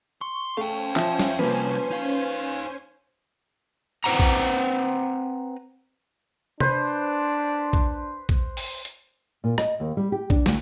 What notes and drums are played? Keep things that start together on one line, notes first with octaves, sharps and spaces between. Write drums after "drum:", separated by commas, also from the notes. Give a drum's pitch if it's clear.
C6 C#6
A3 C#4 C5 F5 G5 G#5
F3 E5, drum: clap
drum: snare
C3 F3 G3 A#3 B4
D#4 F5
C4 B4 C5 F#5 A#5
drum: kick
D4 B4 C5, drum: tom
drum: kick
drum: kick
drum: open hi-hat
drum: hi-hat
A#2
D#5, drum: rim click
D#2
G3
G4
D4, drum: kick
D2, drum: snare